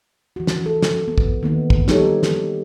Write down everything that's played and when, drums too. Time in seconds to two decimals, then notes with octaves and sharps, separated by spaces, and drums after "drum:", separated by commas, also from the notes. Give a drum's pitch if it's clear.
0.36 E3 F#4
0.47 drum: snare
0.66 A4
0.82 drum: snare
1.08 B3
1.18 drum: kick
1.43 D#3 A#3 B3 D#4
1.70 drum: kick
1.88 G3 B3 D#4 G4 A4 C#5, drum: snare
2.23 drum: snare